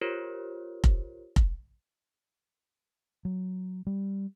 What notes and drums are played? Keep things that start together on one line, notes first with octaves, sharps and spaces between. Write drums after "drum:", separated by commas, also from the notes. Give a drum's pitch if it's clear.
F4 G4 A#4 C5 C#5
drum: kick F1
drum: kick F1
F#3
G3